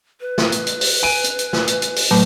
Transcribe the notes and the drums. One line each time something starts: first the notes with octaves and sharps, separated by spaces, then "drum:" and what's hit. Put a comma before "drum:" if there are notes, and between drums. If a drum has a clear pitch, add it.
B4
drum: snare
drum: hi-hat
drum: hi-hat
drum: open hi-hat
G#5 D7 D#7
drum: hi-hat
drum: hi-hat
drum: snare
drum: hi-hat
drum: hi-hat
drum: open hi-hat
A2 F#3 A3